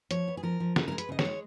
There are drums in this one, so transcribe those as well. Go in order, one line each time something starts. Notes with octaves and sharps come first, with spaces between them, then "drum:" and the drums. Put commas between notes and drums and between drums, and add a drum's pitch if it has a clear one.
F3 C#5, drum: hi-hat
B3
G#4
F3 A#4
F3
C#3 A#4, drum: snare
G#3 A#4
B4, drum: hi-hat
C#3 D#5
C#5, drum: snare
G#3